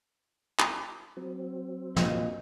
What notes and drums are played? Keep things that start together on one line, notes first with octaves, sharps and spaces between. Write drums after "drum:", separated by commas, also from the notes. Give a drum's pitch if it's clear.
drum: clap
F#3 C4
A#2 D#5, drum: snare